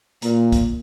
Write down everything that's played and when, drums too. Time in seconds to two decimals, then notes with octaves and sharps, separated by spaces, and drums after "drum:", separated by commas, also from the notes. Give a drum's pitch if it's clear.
0.22 A#2 A#3, drum: hi-hat
0.52 drum: kick, hi-hat